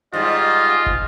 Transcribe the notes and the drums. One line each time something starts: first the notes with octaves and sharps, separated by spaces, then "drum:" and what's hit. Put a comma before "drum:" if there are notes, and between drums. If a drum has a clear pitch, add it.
G#2 G3 F4 D#5
drum: kick